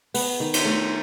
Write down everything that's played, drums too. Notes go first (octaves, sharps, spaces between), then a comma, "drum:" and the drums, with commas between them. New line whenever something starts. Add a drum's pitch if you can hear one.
B3, drum: open hi-hat
D#3
drum: cymbal
A3